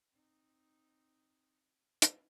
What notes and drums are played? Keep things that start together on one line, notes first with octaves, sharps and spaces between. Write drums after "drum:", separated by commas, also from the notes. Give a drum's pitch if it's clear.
C4 D#4
drum: hi-hat